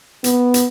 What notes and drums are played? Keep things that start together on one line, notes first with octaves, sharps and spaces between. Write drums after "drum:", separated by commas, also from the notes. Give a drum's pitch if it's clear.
B3, drum: hi-hat
drum: hi-hat